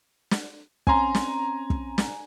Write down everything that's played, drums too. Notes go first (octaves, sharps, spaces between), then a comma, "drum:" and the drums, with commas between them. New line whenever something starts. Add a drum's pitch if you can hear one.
drum: snare
C4 C#4 G#5 A#5 C6, drum: kick
drum: snare
drum: kick
drum: snare